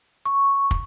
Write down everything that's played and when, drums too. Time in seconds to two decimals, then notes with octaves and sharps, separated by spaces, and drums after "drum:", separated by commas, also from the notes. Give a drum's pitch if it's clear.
0.26 C#6
0.71 drum: kick